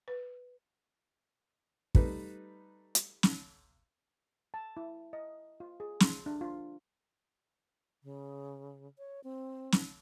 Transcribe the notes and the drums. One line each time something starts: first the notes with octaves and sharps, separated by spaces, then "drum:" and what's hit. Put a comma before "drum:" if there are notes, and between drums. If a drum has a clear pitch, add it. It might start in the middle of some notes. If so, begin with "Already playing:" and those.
B4
G3 A3 D#4 B4, drum: kick
drum: hi-hat
drum: snare
A5
E4
D#5
F4
G#4
C6, drum: snare
D4
F4
C#3
C#5
C4
drum: snare